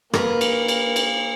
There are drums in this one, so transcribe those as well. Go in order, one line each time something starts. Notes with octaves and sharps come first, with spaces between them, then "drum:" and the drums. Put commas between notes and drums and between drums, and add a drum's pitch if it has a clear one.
A#3 A#4 B4, drum: rim click
drum: cymbal
drum: cymbal
drum: cymbal